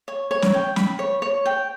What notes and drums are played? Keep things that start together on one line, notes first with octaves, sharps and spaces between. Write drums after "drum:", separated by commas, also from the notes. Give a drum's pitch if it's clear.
C#5
C#5
drum: snare
G5
B5, drum: snare
C#5
C#5
G5